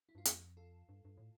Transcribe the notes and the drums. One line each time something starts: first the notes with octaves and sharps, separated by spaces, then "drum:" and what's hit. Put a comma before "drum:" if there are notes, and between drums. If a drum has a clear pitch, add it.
E4
G2 F4
F2 E4 G4, drum: hi-hat
F4 A4
G2
G2
A2